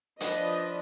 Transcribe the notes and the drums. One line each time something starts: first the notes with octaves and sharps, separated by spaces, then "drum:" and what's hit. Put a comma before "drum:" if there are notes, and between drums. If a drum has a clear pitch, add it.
F3 D4 B4 D#5, drum: hi-hat